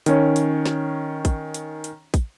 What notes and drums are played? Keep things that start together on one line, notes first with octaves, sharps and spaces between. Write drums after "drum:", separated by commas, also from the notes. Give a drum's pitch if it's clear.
D#3 C#4 C#5, drum: hi-hat
drum: hi-hat
drum: snare
drum: kick, hi-hat
drum: hi-hat
drum: hi-hat
drum: kick, hi-hat